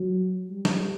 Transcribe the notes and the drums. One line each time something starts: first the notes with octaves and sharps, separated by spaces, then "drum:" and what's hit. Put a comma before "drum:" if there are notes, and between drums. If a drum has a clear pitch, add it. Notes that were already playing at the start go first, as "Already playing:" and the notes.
Already playing: F#3
G3
drum: snare